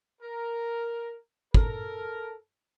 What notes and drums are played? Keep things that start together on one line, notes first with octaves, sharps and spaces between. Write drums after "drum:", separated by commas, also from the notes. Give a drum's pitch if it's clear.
A#4
A4 A#4, drum: kick